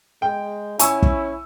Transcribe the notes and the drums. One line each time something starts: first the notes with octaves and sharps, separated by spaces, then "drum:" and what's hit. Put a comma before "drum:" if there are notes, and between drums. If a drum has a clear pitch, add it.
G#3 G5
C#4 E4 G#5 C#6 E6, drum: hi-hat
drum: kick